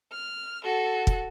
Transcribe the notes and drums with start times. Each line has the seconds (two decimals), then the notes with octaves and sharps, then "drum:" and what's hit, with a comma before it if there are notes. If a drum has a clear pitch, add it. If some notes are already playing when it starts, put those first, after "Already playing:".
0.12 F6
0.65 F#4 A4
1.07 drum: kick